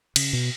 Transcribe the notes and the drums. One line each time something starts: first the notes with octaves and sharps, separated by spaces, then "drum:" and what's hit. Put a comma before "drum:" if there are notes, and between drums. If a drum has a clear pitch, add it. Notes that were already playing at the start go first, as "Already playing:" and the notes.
C#3, drum: cymbal
B2